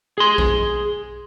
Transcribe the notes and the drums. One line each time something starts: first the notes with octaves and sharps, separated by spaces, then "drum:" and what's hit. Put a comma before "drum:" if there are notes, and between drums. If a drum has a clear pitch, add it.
G#4 C6
drum: kick A#1